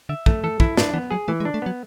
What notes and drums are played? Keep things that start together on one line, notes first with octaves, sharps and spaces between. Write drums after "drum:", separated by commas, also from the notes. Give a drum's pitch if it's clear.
D3 E5
E3 A3, drum: kick
E3 A4
E3 E4, drum: kick
G#2 D4, drum: snare
E3 B3
F#3 G#4
E3 A3
G#3
D4
A3
F#3 B3